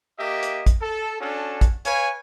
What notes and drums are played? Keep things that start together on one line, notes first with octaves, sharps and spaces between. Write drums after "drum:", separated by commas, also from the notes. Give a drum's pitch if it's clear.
A#3 G4 D#5 E5
drum: hi-hat
drum: kick, hi-hat
A4
C#4 D4 F#4 A4
drum: kick, hi-hat
B4 C#5 F5 G#5, drum: hi-hat